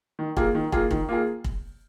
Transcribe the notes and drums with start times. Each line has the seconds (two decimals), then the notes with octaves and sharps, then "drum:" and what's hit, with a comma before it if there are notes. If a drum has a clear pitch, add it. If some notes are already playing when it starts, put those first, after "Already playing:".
0.19 D#3
0.37 A#3 F4 G#4, drum: kick
0.55 D#3
0.72 A#3 F4 G#4, drum: kick
0.91 D#3, drum: kick
1.09 A#3 F4 G#4
1.44 drum: kick